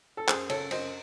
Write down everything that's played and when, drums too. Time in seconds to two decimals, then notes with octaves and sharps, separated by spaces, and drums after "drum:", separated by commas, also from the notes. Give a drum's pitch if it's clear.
0.17 A4
0.28 F#2 G#4 C5, drum: clap
0.50 C#3 A4 C#5, drum: cymbal
0.71 F#2 C5 D#5, drum: cymbal